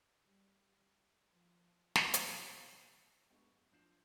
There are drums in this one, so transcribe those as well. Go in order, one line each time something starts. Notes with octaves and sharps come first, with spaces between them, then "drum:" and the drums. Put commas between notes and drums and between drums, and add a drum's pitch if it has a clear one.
G3
F3
drum: snare
B2, drum: hi-hat
D2 G#3 B3 D4 C#6
F#2
F3 D4 G6 C7 E7 F#7